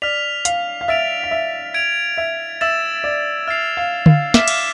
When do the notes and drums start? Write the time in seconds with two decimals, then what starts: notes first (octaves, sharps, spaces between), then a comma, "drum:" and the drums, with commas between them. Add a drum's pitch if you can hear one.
0.02 D5 F6 B6 F7
0.45 F5, drum: hi-hat
0.81 F5
0.88 E5 F6 A6 D7 F7
1.23 F5
1.31 E5
1.74 G#6 D7 F7
2.17 E5
2.61 E5 E6 A6 E7
3.04 D5
3.47 E5 F6 A6 C7 F7
3.77 F5
4.06 F5, drum: tom D3
4.34 E5 D6 F6 B6 E7, drum: snare
4.48 drum: cymbal